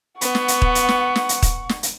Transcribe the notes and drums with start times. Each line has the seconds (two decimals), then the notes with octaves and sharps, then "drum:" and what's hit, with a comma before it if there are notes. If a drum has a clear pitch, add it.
0.21 B3 F#5 C#6, drum: hi-hat
0.35 drum: snare
0.48 drum: hi-hat
0.62 drum: kick
0.75 drum: hi-hat
0.89 drum: snare
1.16 drum: snare
1.29 drum: hi-hat
1.42 drum: kick, hi-hat
1.69 drum: snare
1.83 drum: hi-hat